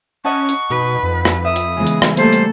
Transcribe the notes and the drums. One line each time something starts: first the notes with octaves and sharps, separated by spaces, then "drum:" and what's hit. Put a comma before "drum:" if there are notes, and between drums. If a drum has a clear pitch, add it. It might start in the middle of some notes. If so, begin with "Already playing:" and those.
C#4 D#5 F#5 A5 C#6
drum: hi-hat
B2 D#4 B4
F2
drum: rim click
E5 B5 D#6
drum: hi-hat
C#3 E3 G#3 B3
drum: hi-hat
drum: rim click
G3 A3 A#3 A4 C5, drum: hi-hat
drum: hi-hat